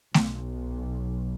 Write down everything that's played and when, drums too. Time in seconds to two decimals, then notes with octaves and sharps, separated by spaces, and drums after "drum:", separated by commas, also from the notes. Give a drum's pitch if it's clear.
0.14 B1, drum: snare A3